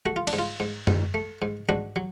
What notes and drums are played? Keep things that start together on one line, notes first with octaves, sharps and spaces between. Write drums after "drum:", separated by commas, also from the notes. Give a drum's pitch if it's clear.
A3 F#4
F4
D4, drum: cymbal
G#2
F4
G#2
G#2, drum: tom F#2
A3
G#2
G#2 D4 F#4
F#3